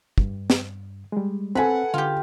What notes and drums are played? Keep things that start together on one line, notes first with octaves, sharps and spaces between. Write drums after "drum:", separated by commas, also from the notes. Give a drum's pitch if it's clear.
G2, drum: kick
drum: snare
G3 G#3
C4 A4 B4 F#5 G#5 B5
D3 F4 G4